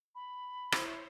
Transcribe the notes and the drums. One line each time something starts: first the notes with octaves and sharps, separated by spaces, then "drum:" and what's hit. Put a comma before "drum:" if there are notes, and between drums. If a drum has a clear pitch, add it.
B5
E4 C5 C#5, drum: rim click